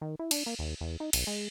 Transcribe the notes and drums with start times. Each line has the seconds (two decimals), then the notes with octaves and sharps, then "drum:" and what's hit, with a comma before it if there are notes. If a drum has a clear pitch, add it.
0.01 D#3
0.19 E4
0.31 D4, drum: cymbal
0.46 A#3
0.59 D#2
0.81 E2
1.00 D#4
1.13 B1, drum: cymbal
1.27 G#3